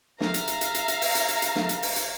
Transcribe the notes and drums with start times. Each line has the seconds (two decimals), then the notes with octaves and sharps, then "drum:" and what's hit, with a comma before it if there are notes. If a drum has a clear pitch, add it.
0.21 E5 F5 A#5, drum: snare
0.34 drum: hi-hat
0.48 drum: hi-hat
0.61 drum: hi-hat
0.75 drum: hi-hat
0.88 drum: hi-hat
1.02 drum: open hi-hat
1.15 drum: hi-hat
1.29 drum: hi-hat
1.42 drum: hi-hat
1.56 drum: snare
1.69 drum: hi-hat
1.83 drum: open hi-hat
1.96 drum: hi-hat